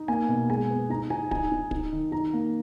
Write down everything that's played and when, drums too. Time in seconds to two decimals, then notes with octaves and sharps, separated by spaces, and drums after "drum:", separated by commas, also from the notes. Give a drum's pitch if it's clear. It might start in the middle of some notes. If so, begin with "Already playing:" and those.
Already playing: D#4
0.08 A#3 G#5
0.29 B2
0.50 G#3 G#5
0.70 B3
0.90 D#4 A#5
1.10 D#4 G#5
1.31 D#4 G#5, drum: kick
1.52 D#4
1.71 D#4, drum: kick
1.93 D#3
2.12 D#4 A#5
2.33 A#3